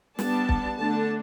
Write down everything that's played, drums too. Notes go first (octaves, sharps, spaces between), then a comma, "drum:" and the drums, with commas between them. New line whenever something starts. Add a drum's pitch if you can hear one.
G3 B3 D4 A5, drum: snare
drum: kick
D3 A3 D4 A5